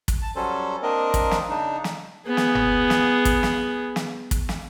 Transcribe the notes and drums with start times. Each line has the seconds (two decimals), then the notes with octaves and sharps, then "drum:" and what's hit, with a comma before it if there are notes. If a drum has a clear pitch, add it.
0.08 drum: kick, hi-hat
0.22 A5
0.36 F#3 G3 C#4 A4 C5
0.83 A#3 C4 D4 A#4 D#5
1.14 drum: kick, hi-hat
1.31 drum: snare
1.49 C#3 D4 D#4
1.84 drum: snare
2.27 B3 G#4
2.37 drum: snare
2.55 drum: tom F#1
2.90 drum: snare
3.25 drum: kick, hi-hat
3.43 drum: snare
3.96 drum: snare
4.31 drum: kick, hi-hat
4.49 drum: snare